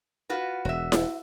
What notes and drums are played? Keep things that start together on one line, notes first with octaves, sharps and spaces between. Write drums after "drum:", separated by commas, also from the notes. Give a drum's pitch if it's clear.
F4 F#4 B4
E1 F#4 E5
drum: snare E4